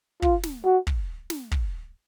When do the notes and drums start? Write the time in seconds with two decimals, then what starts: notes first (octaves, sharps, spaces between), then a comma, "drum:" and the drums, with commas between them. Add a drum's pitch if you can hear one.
0.22 F4, drum: kick
0.43 drum: snare
0.65 F#4
0.87 drum: kick
1.30 drum: snare
1.51 drum: kick